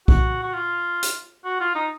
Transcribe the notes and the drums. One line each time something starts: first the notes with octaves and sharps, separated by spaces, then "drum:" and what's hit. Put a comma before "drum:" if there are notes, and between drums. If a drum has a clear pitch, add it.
F#4, drum: kick
F#4
F4
drum: hi-hat
F#4
F4
D#4